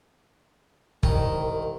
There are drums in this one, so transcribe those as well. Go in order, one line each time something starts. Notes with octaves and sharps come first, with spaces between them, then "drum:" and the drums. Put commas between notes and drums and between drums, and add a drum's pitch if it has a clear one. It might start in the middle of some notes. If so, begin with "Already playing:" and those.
C2 D#3, drum: kick